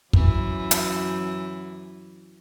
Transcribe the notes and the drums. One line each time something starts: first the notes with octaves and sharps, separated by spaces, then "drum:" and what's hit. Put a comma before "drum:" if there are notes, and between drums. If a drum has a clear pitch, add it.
F#2 E3, drum: kick
drum: hi-hat